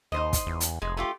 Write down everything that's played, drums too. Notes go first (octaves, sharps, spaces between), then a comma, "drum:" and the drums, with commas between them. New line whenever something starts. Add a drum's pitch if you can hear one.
D#2 D#4 C5 D#5
drum: kick, hi-hat
E2
drum: hi-hat
F1 G#3
A3 F4 G4